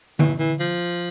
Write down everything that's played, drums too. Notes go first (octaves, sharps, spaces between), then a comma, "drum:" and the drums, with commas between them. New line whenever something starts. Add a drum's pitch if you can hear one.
E3, drum: tom D3
E3
F3